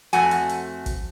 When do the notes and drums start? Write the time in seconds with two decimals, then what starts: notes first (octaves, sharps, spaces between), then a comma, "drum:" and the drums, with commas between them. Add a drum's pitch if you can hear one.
0.13 F2 A3 F#4 G#5, drum: hi-hat
0.31 drum: hi-hat
0.49 drum: hi-hat
0.86 drum: kick, hi-hat